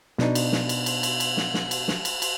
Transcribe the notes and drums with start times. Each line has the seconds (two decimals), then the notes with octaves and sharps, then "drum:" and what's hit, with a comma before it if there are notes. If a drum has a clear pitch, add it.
0.18 B2 D4 D#4, drum: snare
0.35 drum: cymbal
0.52 drum: snare
0.69 drum: cymbal
0.86 drum: cymbal
1.03 drum: cymbal
1.20 drum: cymbal
1.37 drum: snare
1.54 drum: snare
1.71 drum: cymbal
1.88 drum: snare
2.05 drum: cymbal
2.22 drum: cymbal